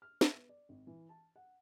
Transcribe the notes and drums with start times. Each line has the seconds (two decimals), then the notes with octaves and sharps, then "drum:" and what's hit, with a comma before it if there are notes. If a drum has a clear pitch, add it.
0.02 F6
0.21 E5, drum: snare
0.35 B3
0.49 D5
0.69 G#1
0.87 E3
1.09 A5
1.36 F#5